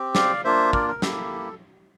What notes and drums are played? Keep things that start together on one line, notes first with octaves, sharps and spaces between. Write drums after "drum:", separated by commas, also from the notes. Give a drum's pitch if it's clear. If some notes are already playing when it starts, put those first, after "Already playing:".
Already playing: C4 G4
D5 F5, drum: snare
A#3 D4 F4 C5 E5
A#4 D5, drum: kick
A#4
A#3 E4 G4 A4, drum: snare